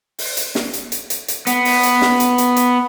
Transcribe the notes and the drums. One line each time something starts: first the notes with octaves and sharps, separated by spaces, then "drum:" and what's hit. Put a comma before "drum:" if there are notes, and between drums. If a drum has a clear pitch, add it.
drum: open hi-hat
drum: hi-hat
drum: snare
drum: hi-hat
drum: hi-hat
drum: hi-hat
drum: hi-hat
B3, drum: hi-hat
drum: open hi-hat
drum: hi-hat
drum: snare
drum: hi-hat
drum: hi-hat
drum: hi-hat